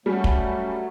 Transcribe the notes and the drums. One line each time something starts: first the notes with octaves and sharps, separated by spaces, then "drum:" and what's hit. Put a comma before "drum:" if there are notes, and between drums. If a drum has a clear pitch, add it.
F#3 G3 A3 C#4
drum: kick